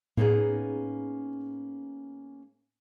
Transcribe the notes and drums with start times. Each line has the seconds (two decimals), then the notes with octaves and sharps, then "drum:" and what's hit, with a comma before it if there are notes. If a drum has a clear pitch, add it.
0.17 A#3 B3 C#4 D#4 G#4, drum: tom A2